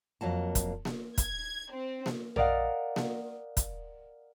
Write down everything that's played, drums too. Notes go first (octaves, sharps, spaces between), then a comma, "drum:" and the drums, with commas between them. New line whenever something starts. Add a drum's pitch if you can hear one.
F2 F#3 A#3 A5
drum: kick, hi-hat
drum: snare A#3
G#6, drum: kick, hi-hat
C4
drum: snare A#3
A#4 D5 D#5 F5 F#5, drum: tom A#1
drum: snare A#3
drum: kick, hi-hat